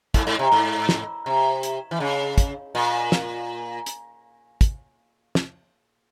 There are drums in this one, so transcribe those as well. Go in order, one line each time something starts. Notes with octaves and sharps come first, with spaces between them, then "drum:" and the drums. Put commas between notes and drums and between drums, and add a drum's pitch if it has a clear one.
G#2, drum: kick, hi-hat
G#2
C3
G#2
drum: snare
C3
drum: hi-hat
E3
C#3
drum: kick, hi-hat
A#2
drum: snare
drum: hi-hat
drum: kick, hi-hat
drum: snare